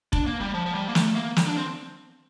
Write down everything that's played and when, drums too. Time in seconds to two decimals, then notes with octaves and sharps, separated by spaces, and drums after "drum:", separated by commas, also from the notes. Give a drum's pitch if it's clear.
0.13 D4, drum: kick F1
0.27 A#3
0.40 G3
0.54 F3
0.66 F3
0.75 G3
0.88 A#3
0.95 A3, drum: snare
1.16 A#3
1.36 drum: snare
1.47 D4
1.57 C4